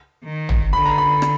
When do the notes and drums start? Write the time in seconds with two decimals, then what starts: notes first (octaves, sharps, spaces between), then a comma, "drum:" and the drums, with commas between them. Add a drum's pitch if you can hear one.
0.24 D#3
0.49 drum: tom
0.73 D3 B5
0.86 A#5
0.98 B5
1.22 drum: rim click